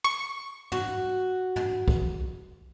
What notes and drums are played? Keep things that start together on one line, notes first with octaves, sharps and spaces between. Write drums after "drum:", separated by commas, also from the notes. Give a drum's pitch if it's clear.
C#6
F#4, drum: tom
drum: tom
drum: kick